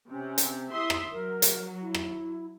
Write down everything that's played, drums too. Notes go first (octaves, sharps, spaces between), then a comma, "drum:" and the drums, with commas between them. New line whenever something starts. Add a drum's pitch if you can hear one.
C3 C#4
drum: hi-hat
E4 E5 C6 D#6
drum: rim click
F#3 A#4
drum: hi-hat
E4
drum: rim click